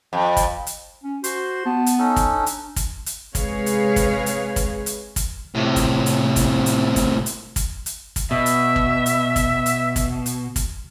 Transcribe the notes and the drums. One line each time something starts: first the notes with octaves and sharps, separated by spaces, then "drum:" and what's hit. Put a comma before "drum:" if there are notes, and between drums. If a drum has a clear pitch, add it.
F2
drum: kick, hi-hat
drum: hi-hat
C#4
F#4 C5 C6, drum: hi-hat
B3 A5
drum: hi-hat
C#4 D#4 A4
drum: kick, hi-hat
D4
drum: hi-hat
drum: kick, hi-hat
drum: hi-hat
C3 G#3 G#4 B4 C#5 F5, drum: kick, hi-hat
drum: hi-hat
drum: kick, hi-hat
drum: hi-hat
drum: kick, hi-hat
drum: hi-hat
drum: kick, hi-hat
A2 C3
drum: kick, hi-hat
drum: hi-hat
drum: kick, hi-hat
drum: hi-hat
drum: kick, hi-hat
drum: hi-hat
drum: kick, hi-hat
drum: hi-hat
drum: kick, hi-hat
B2 E5
drum: hi-hat
drum: kick
drum: hi-hat
drum: kick, hi-hat
drum: hi-hat
drum: kick, hi-hat
drum: hi-hat
drum: kick, hi-hat